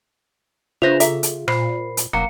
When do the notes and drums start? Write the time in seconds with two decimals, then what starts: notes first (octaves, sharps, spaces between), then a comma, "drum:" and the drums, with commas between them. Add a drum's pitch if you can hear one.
0.82 C#3 D4 F4 B4 C5 E5 A#6 F7
1.00 F4 G#4 A4 E5 A#5, drum: hi-hat
1.23 drum: hi-hat
1.48 A#2 C5 B5 C7, drum: rim click
1.97 drum: hi-hat
2.13 E1 F#3 A#3 F5 C#7